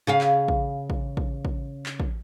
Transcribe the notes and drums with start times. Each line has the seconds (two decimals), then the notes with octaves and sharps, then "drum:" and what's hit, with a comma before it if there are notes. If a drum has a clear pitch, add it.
0.07 C#3 G#4 F5
0.21 drum: clap
0.48 drum: kick
0.90 drum: kick
1.17 drum: kick
1.45 drum: kick
1.86 drum: clap
2.00 drum: kick